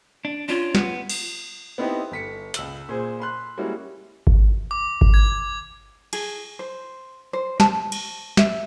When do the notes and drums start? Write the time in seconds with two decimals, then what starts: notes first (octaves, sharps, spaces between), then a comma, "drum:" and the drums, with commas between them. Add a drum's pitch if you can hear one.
0.25 D4
0.49 C#4 D4 F4
0.75 B3, drum: snare
1.10 drum: cymbal
1.78 B3 C4 D#4 E4 G4
2.12 G1 B6 C#7
2.54 C#2 E6 F#7, drum: hi-hat
2.89 A#2 G#4 C5
3.20 B5 C6 F#6
3.58 G3 G#3 A#3 C#4 E4 F#4
4.27 drum: kick G#1
4.71 D6
5.01 drum: kick G#1
5.14 G#6
6.13 G#4, drum: cymbal
6.59 C5
7.33 C5
7.60 A5, drum: snare
7.92 drum: cymbal
8.37 E5, drum: snare